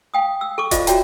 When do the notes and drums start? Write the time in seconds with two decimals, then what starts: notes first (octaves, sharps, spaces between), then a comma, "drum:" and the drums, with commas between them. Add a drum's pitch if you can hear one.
0.14 F5 G5 D#6
0.41 E6
0.58 A4 C#6 D6
0.71 F4 A4 C5 D5 D#5 F5, drum: kick D#1, hi-hat
0.87 F#4 C#5 D5 E5 G5 A#5, drum: hi-hat